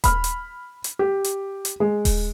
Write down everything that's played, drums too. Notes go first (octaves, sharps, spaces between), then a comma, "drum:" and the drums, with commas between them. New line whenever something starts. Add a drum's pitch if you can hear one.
B5 F6, drum: kick D#1, hi-hat
drum: hi-hat
drum: hi-hat
G4
drum: hi-hat
drum: hi-hat
G#3
drum: kick D#1, open hi-hat